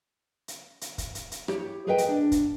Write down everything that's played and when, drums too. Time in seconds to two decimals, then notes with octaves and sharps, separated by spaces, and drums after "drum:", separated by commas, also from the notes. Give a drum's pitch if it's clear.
0.48 drum: hi-hat
0.81 drum: hi-hat
0.98 drum: kick, hi-hat
1.15 drum: hi-hat
1.31 drum: hi-hat
1.48 E4 G4 C#5, drum: rim click
1.87 G#4 A#4 B4 D#5 E5 G5
1.98 drum: hi-hat
2.09 D4
2.32 drum: kick, hi-hat